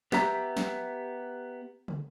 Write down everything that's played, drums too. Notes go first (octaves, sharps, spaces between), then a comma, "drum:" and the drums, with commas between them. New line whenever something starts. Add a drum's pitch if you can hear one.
B3 G4 E5 A#5, drum: snare
drum: snare
drum: tom